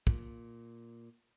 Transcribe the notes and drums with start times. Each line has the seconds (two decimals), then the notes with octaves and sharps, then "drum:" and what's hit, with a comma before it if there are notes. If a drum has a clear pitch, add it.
0.07 A#2, drum: kick